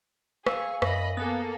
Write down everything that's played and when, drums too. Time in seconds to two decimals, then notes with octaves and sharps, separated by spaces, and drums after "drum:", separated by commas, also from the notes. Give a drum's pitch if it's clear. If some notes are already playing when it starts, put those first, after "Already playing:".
0.47 G#4 F5 G#5 C#6 E6, drum: rim click
0.82 F#2 D#5 B5, drum: rim click
1.17 A#3 B3 G#4 A4